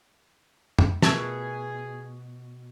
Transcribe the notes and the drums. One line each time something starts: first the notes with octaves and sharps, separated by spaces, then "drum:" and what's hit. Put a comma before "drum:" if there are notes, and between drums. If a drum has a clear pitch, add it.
drum: tom F2
B2 A3 F4 G#4 A#4 A5 E6 G#6, drum: snare